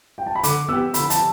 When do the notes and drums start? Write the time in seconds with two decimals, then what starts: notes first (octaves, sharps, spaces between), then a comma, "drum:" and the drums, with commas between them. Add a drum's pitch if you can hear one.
0.18 G5
0.26 A5
0.35 B5
0.43 D3 D6, drum: hi-hat
0.68 B3 G4 E6
0.94 D3 B5, drum: hi-hat
1.10 A5, drum: hi-hat